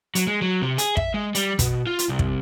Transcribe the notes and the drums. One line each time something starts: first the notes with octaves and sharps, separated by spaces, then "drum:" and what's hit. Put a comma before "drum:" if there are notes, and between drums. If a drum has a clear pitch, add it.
F#3, drum: hi-hat
G#3
F#3
C3
G#4, drum: hi-hat
E5, drum: kick
G#3
G3, drum: hi-hat
B2, drum: kick, hi-hat
F4
drum: hi-hat
C2
drum: kick